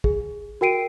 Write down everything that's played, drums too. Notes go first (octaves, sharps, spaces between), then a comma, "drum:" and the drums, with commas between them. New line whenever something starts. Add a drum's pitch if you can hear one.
G#4, drum: kick
F#4 A#4 G5 C7 D7 D#7